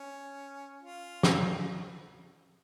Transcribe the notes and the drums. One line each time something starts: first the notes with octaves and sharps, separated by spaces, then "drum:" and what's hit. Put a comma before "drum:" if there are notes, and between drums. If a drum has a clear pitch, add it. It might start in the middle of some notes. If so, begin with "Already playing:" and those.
Already playing: C#4
F4
C#4, drum: snare